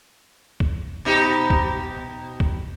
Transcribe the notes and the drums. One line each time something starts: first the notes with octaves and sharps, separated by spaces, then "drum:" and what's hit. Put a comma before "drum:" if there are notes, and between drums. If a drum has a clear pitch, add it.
drum: kick
B2 D#4 G4
drum: kick
drum: kick